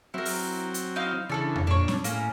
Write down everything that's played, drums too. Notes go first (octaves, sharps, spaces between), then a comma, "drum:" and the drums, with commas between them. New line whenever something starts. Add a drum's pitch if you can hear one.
F#3 C4 E4 A#4
drum: open hi-hat
drum: hi-hat
D#4 E4 F5
C#3 E3 D4 A4 D5
drum: tom F2
A#2 D4 C#5
drum: snare
A2 A#3 C#4, drum: hi-hat